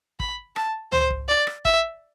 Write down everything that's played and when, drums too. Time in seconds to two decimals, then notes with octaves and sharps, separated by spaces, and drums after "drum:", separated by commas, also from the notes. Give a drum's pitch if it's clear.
0.20 B5, drum: kick
0.56 A5, drum: rim click
0.92 C5, drum: tom C#2
1.10 drum: kick
1.29 D5
1.47 drum: rim click
1.65 E5, drum: kick